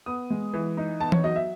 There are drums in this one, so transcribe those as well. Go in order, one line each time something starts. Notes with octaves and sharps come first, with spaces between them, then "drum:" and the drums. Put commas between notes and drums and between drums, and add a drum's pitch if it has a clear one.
B3 D#6
G#3
E3
D#4
B3 A5
C#5, drum: tom E3
F#3 D#5
E5